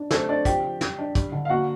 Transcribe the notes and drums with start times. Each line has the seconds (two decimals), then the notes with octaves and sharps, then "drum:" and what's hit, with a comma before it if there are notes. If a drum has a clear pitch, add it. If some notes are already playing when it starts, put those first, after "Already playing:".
Already playing: D4
0.11 A3 C4 A4, drum: snare
0.28 C4 D4 D5
0.45 F3 G4 G5, drum: kick, hi-hat
0.63 F3
0.81 G3, drum: snare
0.98 D4
1.15 G3, drum: kick, hi-hat
1.32 D3
1.45 F5
1.50 A#3 F#4 F#5